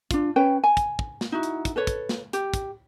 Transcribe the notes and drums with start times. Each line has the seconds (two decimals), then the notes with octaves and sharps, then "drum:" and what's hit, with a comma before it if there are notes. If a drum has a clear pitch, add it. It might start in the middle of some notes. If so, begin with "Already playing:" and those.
0.11 D4 F4, drum: kick, hi-hat
0.36 C#4 B4 C#5 G5
0.64 G#5
0.77 drum: kick, hi-hat
0.99 drum: kick
1.21 drum: snare
1.32 D#4 E4 F#4
1.43 drum: hi-hat
1.65 drum: kick, hi-hat
1.76 A4 B4 C#5
1.87 drum: kick, hi-hat
2.09 drum: snare
2.33 G4, drum: hi-hat
2.54 drum: kick, hi-hat